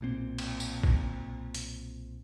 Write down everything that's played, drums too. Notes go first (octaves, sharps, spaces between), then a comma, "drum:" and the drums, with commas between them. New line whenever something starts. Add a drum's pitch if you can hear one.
B1 A#2 C4
drum: cymbal
drum: tambourine
drum: kick
drum: hi-hat